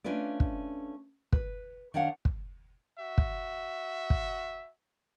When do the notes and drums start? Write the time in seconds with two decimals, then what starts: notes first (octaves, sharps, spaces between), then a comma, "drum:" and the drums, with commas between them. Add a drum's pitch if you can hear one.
0.04 A3 C#4 D4 F4 B4 D5
0.40 drum: kick
1.33 B4, drum: kick
1.94 D#3 D4 C#5 F5 F#5
2.25 drum: kick
2.98 F#4 E5
3.18 drum: kick
4.10 drum: kick